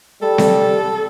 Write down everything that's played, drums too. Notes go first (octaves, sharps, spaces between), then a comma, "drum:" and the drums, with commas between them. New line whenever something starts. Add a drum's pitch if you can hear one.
G3 A4
drum: snare C4